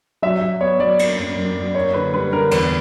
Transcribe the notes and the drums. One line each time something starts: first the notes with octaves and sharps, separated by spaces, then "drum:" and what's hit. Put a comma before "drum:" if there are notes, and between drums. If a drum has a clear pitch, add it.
F#3 E5
F#3
B3 C#5
F#3 D5
A#3, drum: cymbal
F#2
F#2
F#2
A#3 C#5
D3 B4
G3 B4
D3 A#4
E2 B4, drum: cymbal